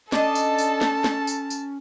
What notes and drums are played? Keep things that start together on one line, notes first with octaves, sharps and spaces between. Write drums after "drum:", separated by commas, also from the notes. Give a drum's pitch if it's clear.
C#4 D4 A4 D#5 A5, drum: snare
drum: tambourine
drum: tambourine
drum: snare
drum: snare
drum: tambourine
drum: tambourine